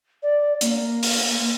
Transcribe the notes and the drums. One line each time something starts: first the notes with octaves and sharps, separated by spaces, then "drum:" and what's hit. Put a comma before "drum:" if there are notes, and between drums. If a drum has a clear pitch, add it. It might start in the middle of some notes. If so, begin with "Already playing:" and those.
D5
A#3, drum: hi-hat
drum: open hi-hat